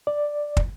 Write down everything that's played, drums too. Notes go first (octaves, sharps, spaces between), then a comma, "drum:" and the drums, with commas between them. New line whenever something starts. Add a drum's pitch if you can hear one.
D5
drum: kick